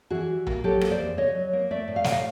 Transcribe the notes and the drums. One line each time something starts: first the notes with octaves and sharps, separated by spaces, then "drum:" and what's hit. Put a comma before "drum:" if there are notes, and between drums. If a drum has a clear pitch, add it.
E3 F#4 G#4
G3
A#3, drum: tom A#1
F#3 G4 A4
A#3, drum: rim click
C5 D5
E2
C#3 C#5 D#5
F#3
A#3
A3 D5 E5
A2
F5
A2 F#5, drum: snare
D#5 F5